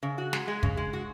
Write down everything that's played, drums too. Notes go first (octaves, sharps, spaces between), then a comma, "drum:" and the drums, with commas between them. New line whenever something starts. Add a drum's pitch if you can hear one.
C#3
F#4
G#3, drum: snare
G#3
C#3, drum: kick
G#3
F#4